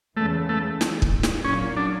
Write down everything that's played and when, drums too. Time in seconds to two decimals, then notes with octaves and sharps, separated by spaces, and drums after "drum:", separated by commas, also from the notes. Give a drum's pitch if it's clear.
0.17 E2 C#3 E3 A3
0.49 A3
0.81 drum: snare
1.02 drum: kick
1.23 drum: snare
1.44 A#2 F#3 A#3 C#4
1.77 D4